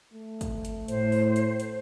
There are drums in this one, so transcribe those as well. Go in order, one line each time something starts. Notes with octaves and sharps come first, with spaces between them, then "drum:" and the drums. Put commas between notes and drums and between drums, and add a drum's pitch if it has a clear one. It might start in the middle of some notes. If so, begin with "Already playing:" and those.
A3
drum: kick, hi-hat
drum: hi-hat
A2 C5, drum: hi-hat
drum: open hi-hat
drum: hi-hat
drum: hi-hat